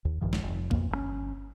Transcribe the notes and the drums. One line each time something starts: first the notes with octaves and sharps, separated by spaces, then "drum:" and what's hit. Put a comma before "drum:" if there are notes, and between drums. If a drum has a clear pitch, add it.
D#2
A#1 G2 D#3 F3
drum: snare
F1
B1 F2 A#3, drum: kick A#1
G1 C#3 C#4